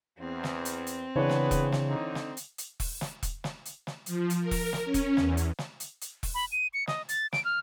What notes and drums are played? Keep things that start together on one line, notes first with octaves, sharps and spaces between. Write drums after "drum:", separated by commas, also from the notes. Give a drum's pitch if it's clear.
E2 C4
drum: snare
drum: hi-hat
drum: hi-hat
C#3 E3 B3 D4 G#4 B4 C#5
drum: snare
drum: kick E1, hi-hat
drum: snare
D3 D#4
drum: snare
drum: hi-hat
drum: hi-hat
drum: kick E1, open hi-hat
drum: snare
drum: kick E1, hi-hat
drum: snare
drum: hi-hat
drum: snare
F3, drum: hi-hat
drum: hi-hat
A#4
drum: kick E1, open hi-hat
drum: snare
C#4
drum: kick E1, hi-hat
E2, drum: snare
drum: hi-hat
drum: snare
drum: hi-hat
drum: hi-hat
drum: kick E1, open hi-hat
B5
D#7
C#7
D#5, drum: snare
A6, drum: hi-hat
D7, drum: snare
F6